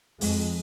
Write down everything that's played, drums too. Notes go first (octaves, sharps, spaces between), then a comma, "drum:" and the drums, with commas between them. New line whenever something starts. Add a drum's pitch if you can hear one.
F2 G#3, drum: open hi-hat